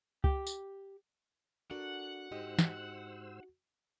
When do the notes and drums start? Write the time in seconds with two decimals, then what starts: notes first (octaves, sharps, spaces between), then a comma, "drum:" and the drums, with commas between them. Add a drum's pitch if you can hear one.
0.24 G4, drum: kick
0.47 drum: tambourine
1.71 D4 F#4 A4 A#4 F#5
2.31 G#2 D#4 G4 C5 D#5 E6
2.59 drum: snare